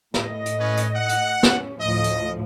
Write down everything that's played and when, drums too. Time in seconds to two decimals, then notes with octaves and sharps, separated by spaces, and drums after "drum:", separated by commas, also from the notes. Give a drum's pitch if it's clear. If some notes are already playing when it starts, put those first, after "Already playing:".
0.14 A2 D#5, drum: snare
0.46 drum: hi-hat
0.59 C#4 B4
0.77 drum: hi-hat
0.95 F#5
1.09 drum: hi-hat
1.43 C#4, drum: snare
1.81 D2 A2 F3 D#5
2.04 drum: hi-hat